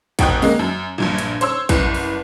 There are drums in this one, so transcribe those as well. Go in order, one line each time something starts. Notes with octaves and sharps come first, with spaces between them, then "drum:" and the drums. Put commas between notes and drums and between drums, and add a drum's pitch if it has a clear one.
F1 B2 G5 D#6 F#6, drum: kick, hi-hat
G#3 A#3, drum: open hi-hat
F#2
A#1 G2 A#2
drum: hi-hat
C5 C#5 C6 E6, drum: hi-hat
F#1 C2 B4, drum: kick, hi-hat
drum: open hi-hat